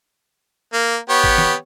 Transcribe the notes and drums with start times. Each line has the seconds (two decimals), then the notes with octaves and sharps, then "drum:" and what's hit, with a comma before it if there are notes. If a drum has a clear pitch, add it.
0.73 A#3
1.09 B3 G4 C#5
1.24 drum: kick
1.38 drum: snare